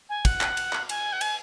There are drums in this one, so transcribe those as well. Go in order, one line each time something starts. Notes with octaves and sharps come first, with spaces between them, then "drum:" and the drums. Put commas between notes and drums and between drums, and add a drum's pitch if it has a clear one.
G#5
F#5, drum: kick, cymbal
drum: clap
drum: cymbal
drum: clap
G#5, drum: cymbal
F#5
G#5, drum: cymbal